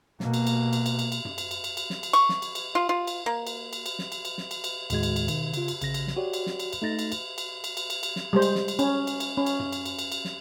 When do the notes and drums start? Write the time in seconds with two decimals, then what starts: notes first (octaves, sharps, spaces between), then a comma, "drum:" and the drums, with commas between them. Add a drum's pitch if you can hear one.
0.20 B2 A#3, drum: snare
0.34 drum: cymbal
0.47 drum: cymbal
0.73 drum: cymbal
0.86 drum: cymbal
0.99 drum: cymbal
1.12 drum: cymbal
1.25 drum: tom F#2
1.38 drum: cymbal
1.51 drum: cymbal
1.64 drum: cymbal
1.77 drum: cymbal
1.90 drum: snare
2.03 drum: cymbal
2.13 C#6, drum: cymbal
2.29 drum: snare
2.42 drum: cymbal
2.55 drum: cymbal
2.75 F4
2.89 F4
3.07 drum: cymbal
3.26 A#3
3.47 drum: cymbal
3.73 drum: cymbal
3.86 drum: cymbal
3.99 drum: snare
4.12 drum: cymbal
4.25 drum: cymbal
4.38 drum: snare
4.51 drum: cymbal
4.64 drum: cymbal
4.90 D#2 A2 D#3 G#3 F#4 G#6, drum: cymbal
5.03 drum: cymbal
5.16 drum: cymbal
5.28 B2 D#3, drum: cymbal
5.54 C#3 F4, drum: cymbal
5.68 drum: cymbal
5.81 A1 C#3 A#6, drum: cymbal
5.94 drum: cymbal
6.07 drum: snare
6.17 F#4 G4 C#5 D5
6.33 drum: cymbal
6.46 drum: snare
6.60 drum: cymbal
6.73 drum: cymbal
6.82 A3 D#4 A6 A#6
6.99 drum: cymbal
7.12 drum: cymbal
7.38 drum: cymbal
7.64 drum: cymbal
7.77 drum: cymbal
7.90 drum: cymbal
8.03 drum: cymbal
8.16 drum: snare
8.33 G3 G#3 C5
8.42 drum: cymbal
8.55 drum: snare
8.68 drum: cymbal
8.79 C#4, drum: cymbal
9.07 drum: cymbal
9.20 drum: cymbal
9.37 C#4
9.46 drum: cymbal
9.59 drum: tom F#2
9.72 drum: cymbal
9.86 drum: cymbal
9.99 drum: cymbal
10.12 drum: cymbal
10.25 drum: snare